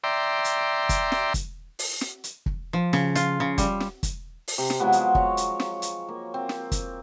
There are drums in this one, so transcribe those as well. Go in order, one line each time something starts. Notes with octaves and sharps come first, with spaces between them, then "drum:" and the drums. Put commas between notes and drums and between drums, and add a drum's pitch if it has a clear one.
D5 E5 G5 A#5 C6
drum: hi-hat
drum: kick, hi-hat
drum: snare
drum: kick, hi-hat
drum: open hi-hat
drum: snare
drum: hi-hat
drum: kick
F3
C#3, drum: snare
F4, drum: hi-hat
C#3
G3, drum: kick, hi-hat
drum: snare
drum: kick, hi-hat
drum: open hi-hat
C3
drum: snare
F3 F#3 G#3 B3
drum: hi-hat
C#5 A#5 C#6, drum: kick
drum: hi-hat
drum: snare
drum: hi-hat
A#3
C4
drum: snare
drum: kick, hi-hat